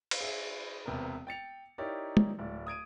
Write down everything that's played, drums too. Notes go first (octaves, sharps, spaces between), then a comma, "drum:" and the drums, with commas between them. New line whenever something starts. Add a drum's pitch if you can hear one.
drum: cymbal
G#4 E5
E1 C3 B3 A#4
G5 A6 C#7 F7
D#4 E4 G4 A#4 C#5 D5
drum: tom
D1 D5
D#6 G#6 D7 D#7